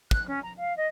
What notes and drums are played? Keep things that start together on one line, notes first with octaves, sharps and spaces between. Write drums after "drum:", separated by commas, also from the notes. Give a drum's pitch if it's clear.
F#6, drum: kick
C#4
A#5
F5
D#5